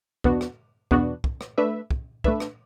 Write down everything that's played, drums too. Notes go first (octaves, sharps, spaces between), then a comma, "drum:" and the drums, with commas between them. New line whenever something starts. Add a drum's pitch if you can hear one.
E2 B2 B3 D4 F#4, drum: kick
drum: rim click
E2 B2 B3 D4 F#4, drum: kick
drum: kick
drum: rim click
A3 D4 B4 E5
drum: kick
A3 D4 B4 E5, drum: kick
drum: rim click